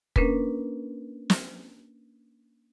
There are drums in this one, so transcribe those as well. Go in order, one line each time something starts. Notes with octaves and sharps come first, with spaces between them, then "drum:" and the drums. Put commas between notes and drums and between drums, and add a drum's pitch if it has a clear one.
A#3 C#4 D4 A#4 B4, drum: kick
drum: snare